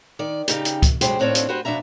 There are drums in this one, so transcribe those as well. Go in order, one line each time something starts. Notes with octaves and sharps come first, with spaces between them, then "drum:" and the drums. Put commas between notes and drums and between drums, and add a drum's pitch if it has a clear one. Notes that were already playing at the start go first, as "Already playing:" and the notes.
D#3 D5
C#3 D#4 G4, drum: hi-hat
drum: hi-hat
drum: kick C#2, hi-hat
G2 B2 F#3 G#3 G4 C5, drum: hi-hat
D#2 A2 C4 D4 C#5 F5
drum: hi-hat
F#4 G4 B4 C5
F2 B2 D#3 D4 E5 A#5